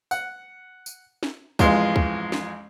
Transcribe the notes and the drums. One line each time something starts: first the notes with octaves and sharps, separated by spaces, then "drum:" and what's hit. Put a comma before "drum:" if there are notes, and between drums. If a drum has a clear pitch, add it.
F#5, drum: tambourine
drum: tambourine
drum: snare
A1 F2 E3 G#3 F4 C6, drum: kick, tambourine
drum: kick
drum: snare